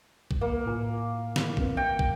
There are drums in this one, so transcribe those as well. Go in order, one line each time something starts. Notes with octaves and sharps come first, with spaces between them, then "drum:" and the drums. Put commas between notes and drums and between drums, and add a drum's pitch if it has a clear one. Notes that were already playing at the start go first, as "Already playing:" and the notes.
drum: kick
D2 A#3 B4 C#7
A2 F4 G#5
drum: snare
C4 D4 B4, drum: kick
G5 A#6 C#7
drum: kick